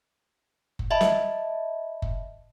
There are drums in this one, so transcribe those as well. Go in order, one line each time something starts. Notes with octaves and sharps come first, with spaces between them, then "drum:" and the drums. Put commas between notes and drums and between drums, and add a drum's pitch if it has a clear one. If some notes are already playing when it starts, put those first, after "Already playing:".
drum: kick F#1
D#5 E5 A5 B5
drum: snare
drum: kick F#1